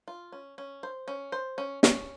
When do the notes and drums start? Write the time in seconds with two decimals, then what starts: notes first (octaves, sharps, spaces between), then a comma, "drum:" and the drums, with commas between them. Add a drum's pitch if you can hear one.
0.08 F4
0.32 C#4
0.58 C#4
0.83 C5
1.08 C#4
1.32 C5
1.58 C#4
1.83 C#4, drum: snare